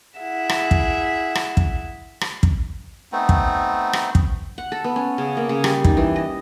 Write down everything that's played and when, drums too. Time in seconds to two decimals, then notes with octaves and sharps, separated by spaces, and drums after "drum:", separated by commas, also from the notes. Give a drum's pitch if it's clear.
0.17 E4 G#4 E5 F#5
0.49 drum: rim click
0.71 drum: kick
1.35 drum: rim click
1.57 drum: kick
2.21 drum: rim click
2.43 drum: kick
3.12 A3 B3 C4 D#4
3.29 drum: kick
3.93 drum: rim click
4.15 drum: kick
4.58 F#5
4.72 A4
4.84 B3
4.96 C#4
5.18 C#3
5.37 A#3
5.49 C#3
5.64 G3, drum: rim click
5.84 D#4, drum: kick
5.97 E3
6.16 D#5